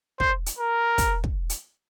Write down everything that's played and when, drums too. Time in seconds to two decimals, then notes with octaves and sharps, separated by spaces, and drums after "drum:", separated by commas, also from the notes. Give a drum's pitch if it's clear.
0.20 C5, drum: kick
0.46 drum: hi-hat
0.59 A#4
0.98 drum: kick, hi-hat
1.24 drum: kick
1.50 drum: hi-hat